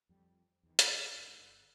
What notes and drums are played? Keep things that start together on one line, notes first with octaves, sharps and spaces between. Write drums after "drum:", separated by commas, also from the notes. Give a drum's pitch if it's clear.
F2 G3
E2 D#3
drum: hi-hat
F#1 G#2 E6 F#6 G6
G1